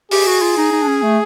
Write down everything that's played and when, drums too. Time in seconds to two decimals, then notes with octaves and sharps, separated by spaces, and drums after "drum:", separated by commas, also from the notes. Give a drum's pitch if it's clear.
0.11 G4 G#4, drum: open hi-hat
0.27 F#4
0.42 F4
0.58 D#4
0.72 D#4
0.83 D4
0.87 C#4
1.03 A3